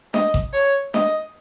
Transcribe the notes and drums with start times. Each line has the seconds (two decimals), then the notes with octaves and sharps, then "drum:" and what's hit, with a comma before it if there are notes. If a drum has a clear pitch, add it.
0.14 D#5, drum: snare D4
0.34 drum: kick A1
0.54 C#5
0.94 D#5, drum: snare D4